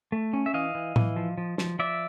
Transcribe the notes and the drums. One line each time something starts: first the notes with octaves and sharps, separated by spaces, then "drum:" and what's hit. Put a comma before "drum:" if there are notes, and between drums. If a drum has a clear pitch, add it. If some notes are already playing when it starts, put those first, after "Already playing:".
A3
C#4
E5
E3 D#5 F5
E3
E3, drum: tom A2
F3
F3
F3, drum: snare
F3 D5 E5